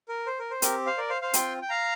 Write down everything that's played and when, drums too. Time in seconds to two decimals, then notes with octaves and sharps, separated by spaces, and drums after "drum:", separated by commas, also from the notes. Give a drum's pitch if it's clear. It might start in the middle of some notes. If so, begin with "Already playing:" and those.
0.09 A#4
0.26 C5
0.39 A#4
0.51 C5
0.62 C4 G4 A#4, drum: hi-hat
0.86 C5 F5
0.98 A#4 D5
1.10 C5 F5
1.22 C5 F5
1.33 C4 F4 G5 C6, drum: hi-hat
1.62 G5
1.70 F5 A#5